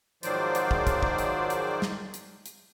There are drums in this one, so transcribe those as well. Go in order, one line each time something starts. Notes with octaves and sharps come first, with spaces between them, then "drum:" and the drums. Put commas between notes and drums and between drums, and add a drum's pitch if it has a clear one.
G#2 D#3 F3 F#3 C5 D5, drum: hi-hat
drum: hi-hat
drum: kick
drum: kick, hi-hat
drum: kick
drum: hi-hat
drum: hi-hat
drum: snare
drum: hi-hat
drum: hi-hat